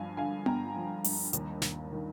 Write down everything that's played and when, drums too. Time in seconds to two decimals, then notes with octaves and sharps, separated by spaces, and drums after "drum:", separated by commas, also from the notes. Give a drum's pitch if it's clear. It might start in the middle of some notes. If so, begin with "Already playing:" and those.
Already playing: G2 F3 F5 G#5
0.17 D3 F5 G#5
0.46 G2 G5 A#5, drum: tom B3
0.76 F3
1.04 G2, drum: open hi-hat
1.33 D#2, drum: hi-hat
1.62 D#2, drum: snare
1.92 D#3